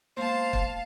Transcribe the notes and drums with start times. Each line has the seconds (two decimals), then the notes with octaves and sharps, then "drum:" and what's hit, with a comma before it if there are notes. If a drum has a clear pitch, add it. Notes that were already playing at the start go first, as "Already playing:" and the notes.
0.17 G#3 A#3 B3 C5 F5 A5
0.53 drum: kick